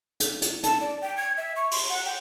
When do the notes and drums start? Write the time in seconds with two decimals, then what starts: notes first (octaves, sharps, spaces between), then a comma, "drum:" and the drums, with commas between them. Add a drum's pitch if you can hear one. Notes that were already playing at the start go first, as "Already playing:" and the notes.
0.20 drum: hi-hat
0.42 drum: hi-hat
0.63 A5, drum: hi-hat
0.81 D5
1.02 G5
1.17 G#6
1.37 E5
1.56 C#6
1.71 C6, drum: open hi-hat
1.89 F#5
2.05 G5